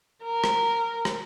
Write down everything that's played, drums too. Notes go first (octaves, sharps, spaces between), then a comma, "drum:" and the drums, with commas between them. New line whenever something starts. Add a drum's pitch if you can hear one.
A#4
drum: rim click
drum: rim click